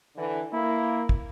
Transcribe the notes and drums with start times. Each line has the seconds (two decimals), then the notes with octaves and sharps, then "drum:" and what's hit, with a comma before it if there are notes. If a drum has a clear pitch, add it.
0.16 D3 E3
0.53 A#3 E4
1.09 drum: kick